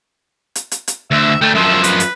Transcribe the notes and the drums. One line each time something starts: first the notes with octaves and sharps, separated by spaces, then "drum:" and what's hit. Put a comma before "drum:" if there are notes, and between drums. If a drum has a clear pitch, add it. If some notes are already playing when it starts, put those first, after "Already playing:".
drum: hi-hat
drum: hi-hat
drum: hi-hat
D2 E5
D2 A3 G5
F#2 F3 E5
B4, drum: hi-hat
drum: hi-hat